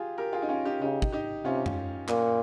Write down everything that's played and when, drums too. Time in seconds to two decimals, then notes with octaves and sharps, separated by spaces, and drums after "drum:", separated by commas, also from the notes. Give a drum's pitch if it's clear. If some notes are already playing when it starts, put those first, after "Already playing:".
Already playing: F4 G4 G#4
0.18 G4 A#4
0.33 F4 G#4
0.42 D#4
0.49 C#4 F4
0.65 D#4 G4
0.81 C#3 D#4 G4
1.02 drum: kick
1.12 D#4 G4
1.45 C3 C#4 F4
1.66 drum: tom
2.08 A#2, drum: clap